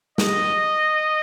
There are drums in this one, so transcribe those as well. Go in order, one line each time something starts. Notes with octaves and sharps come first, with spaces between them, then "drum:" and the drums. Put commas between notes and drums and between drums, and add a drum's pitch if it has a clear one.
D#5, drum: snare